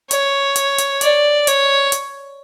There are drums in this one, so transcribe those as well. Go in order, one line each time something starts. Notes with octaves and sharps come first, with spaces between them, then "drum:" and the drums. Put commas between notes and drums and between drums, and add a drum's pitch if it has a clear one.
C#5, drum: hi-hat
drum: hi-hat
drum: hi-hat
D5, drum: hi-hat
C#5, drum: hi-hat
drum: hi-hat